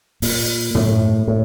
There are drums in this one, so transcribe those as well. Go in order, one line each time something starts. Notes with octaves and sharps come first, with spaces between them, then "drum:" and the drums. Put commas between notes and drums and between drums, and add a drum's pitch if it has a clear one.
A#2, drum: open hi-hat
A2, drum: tom
A2